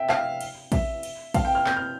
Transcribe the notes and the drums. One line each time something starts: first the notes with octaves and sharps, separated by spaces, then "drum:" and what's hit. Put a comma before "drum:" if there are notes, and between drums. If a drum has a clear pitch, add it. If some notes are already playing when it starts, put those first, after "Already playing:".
Already playing: E5 G5
F5, drum: clap
drum: cymbal
E5, drum: kick, cymbal
drum: cymbal
F5, drum: kick, cymbal
G5
F6
G6, drum: clap
F6